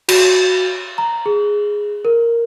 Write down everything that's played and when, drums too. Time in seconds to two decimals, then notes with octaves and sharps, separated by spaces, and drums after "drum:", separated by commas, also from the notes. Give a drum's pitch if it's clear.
0.09 F#4, drum: cymbal
0.98 A#5
1.26 G#4
2.05 A#4